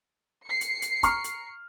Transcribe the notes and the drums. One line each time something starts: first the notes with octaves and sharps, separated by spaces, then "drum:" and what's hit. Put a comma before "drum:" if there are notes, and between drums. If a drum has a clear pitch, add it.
C7 C#7
drum: hi-hat
drum: hi-hat
A#5 C#6 F6, drum: kick, hi-hat
drum: hi-hat